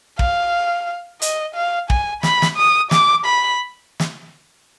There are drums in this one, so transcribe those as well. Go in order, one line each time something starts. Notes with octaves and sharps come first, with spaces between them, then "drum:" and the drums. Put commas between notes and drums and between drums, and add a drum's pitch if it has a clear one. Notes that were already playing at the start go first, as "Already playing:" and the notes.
F5, drum: kick
D#5, drum: hi-hat
F5
G#5, drum: kick
B5, drum: snare
drum: snare
D#6
D6, drum: snare
B5
drum: snare